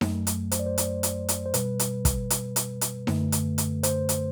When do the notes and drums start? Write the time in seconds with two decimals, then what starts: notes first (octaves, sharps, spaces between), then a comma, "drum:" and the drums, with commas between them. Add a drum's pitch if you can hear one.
0.01 F#2 F#3 A3, drum: snare D#4
0.27 drum: hi-hat
0.51 C5, drum: hi-hat
0.59 D5
0.66 C5
0.78 drum: hi-hat
1.03 drum: hi-hat
1.29 drum: hi-hat
1.46 C5
1.54 B2 G3 B4, drum: hi-hat
1.79 drum: hi-hat
2.05 drum: kick, hi-hat
2.30 drum: hi-hat
2.56 drum: hi-hat
2.81 drum: hi-hat
3.07 F#2 D3 A3, drum: snare D#4
3.32 drum: hi-hat
3.58 drum: hi-hat
3.83 C5, drum: hi-hat
4.09 drum: hi-hat